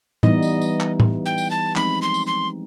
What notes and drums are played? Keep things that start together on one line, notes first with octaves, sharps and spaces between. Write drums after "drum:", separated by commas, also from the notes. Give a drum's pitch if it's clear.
E3 G3 B3 D#4 D#5, drum: tom A2
drum: tambourine
drum: tambourine
drum: clap
drum: tom A2
G5
drum: tambourine
A5
F3 G#3 C4 D#4 B5, drum: clap
C6
drum: tambourine
C6